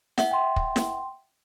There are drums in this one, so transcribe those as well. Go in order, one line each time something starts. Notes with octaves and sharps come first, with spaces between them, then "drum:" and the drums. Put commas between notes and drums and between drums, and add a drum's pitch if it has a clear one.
E5 F#5, drum: snare
G5 C6
drum: kick
drum: snare